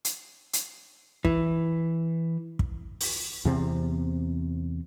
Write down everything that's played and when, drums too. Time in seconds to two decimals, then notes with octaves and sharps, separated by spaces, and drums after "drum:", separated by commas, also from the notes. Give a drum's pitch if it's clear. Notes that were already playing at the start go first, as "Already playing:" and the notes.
0.05 drum: hi-hat
0.53 drum: hi-hat
1.25 E3, drum: kick
2.59 drum: kick
3.01 drum: open hi-hat
3.45 E2 C3 A3 C4